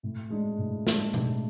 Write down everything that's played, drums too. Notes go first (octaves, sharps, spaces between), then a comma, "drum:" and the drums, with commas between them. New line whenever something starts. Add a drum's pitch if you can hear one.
A2
G#3 D4
A2
G#3 D4, drum: snare
A2, drum: tom B2